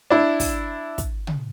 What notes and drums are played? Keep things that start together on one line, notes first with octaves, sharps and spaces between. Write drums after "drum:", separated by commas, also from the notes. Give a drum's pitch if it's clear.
D4 E4
drum: kick, open hi-hat
drum: kick, hi-hat
drum: tom